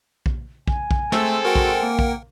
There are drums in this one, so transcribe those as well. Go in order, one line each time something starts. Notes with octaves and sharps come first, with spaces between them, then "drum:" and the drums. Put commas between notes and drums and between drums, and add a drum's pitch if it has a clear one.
drum: kick A#1
G#5, drum: kick A#1
drum: kick A#1
G#3 A3 C4 A4 E6, drum: snare
F#4 A#4 F#5 G5
drum: kick A#1
A#3
drum: kick A#1